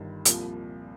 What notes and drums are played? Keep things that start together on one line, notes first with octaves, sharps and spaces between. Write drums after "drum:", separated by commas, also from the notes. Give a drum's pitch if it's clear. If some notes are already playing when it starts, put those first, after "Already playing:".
Already playing: G1 G2 D#3
C2 A#2 F3, drum: hi-hat